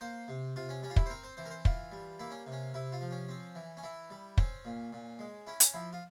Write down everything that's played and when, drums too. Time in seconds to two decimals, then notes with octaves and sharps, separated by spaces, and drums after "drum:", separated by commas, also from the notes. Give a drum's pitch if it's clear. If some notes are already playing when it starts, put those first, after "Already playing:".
0.01 A#3 C5
0.28 C3
0.56 C3 F4
0.69 C#4
0.83 G3 C#4
0.90 F4
0.96 E4, drum: kick
1.06 C5
1.10 C4 A#4
1.23 C5
1.37 E3 C5
1.45 A#4
1.51 C5
1.65 E3 F4, drum: kick
1.92 G3
2.19 A#3 E4
2.31 C#4
2.46 C3
2.52 C#4
2.74 C3 E4
2.92 F4
3.01 F3
3.11 C#4
3.29 C4
3.55 E3
3.77 C#4
3.83 E3 E4
4.10 G3
4.37 C4 C#4, drum: kick
4.65 A#2
4.93 A#2
5.19 G#3
5.47 C#4 E4
5.60 C#4, drum: hi-hat
5.74 F3 E4
5.93 F4